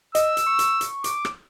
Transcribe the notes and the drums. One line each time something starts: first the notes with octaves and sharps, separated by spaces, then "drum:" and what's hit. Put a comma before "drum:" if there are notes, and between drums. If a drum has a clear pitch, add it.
D#5 E6, drum: hi-hat
drum: hi-hat
C#6
drum: hi-hat
drum: hi-hat
D6, drum: hi-hat
drum: rim click